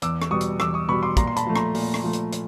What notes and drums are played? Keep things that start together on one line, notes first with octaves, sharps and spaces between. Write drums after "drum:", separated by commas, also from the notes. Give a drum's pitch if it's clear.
E2 D6 E6, drum: hi-hat
drum: rim click
B2 G3 C#6 D#6
drum: hi-hat
E2 D6 E6, drum: rim click
C#6 D#6
B2 G3 B5 C#6
C6 D6
A#2 A#5 C6, drum: kick, hi-hat
C6
A5 B5, drum: hi-hat
F3 A3
A#5 C6, drum: rim click
A#2, drum: open hi-hat
drum: rim click
F3 A3
drum: hi-hat
drum: hi-hat